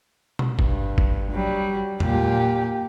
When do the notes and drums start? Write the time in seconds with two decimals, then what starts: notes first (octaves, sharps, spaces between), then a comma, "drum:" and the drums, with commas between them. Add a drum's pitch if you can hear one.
0.39 drum: tom B2
0.59 G2, drum: kick G1
0.98 drum: kick G1
1.31 F#3 G3
2.00 A#2 G4, drum: tom E2